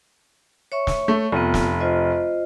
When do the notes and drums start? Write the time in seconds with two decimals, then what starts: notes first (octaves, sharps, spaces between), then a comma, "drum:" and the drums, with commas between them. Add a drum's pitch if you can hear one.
0.72 C#5 E5 C#6
0.87 drum: snare
1.08 A3
1.32 F1 B3 F4
1.54 drum: snare
1.81 F4 C5 D#5